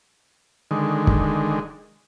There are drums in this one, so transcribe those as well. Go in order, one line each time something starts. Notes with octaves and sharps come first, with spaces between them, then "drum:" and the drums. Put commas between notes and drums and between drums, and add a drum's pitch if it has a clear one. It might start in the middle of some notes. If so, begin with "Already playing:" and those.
D3 D#3 G#3
drum: kick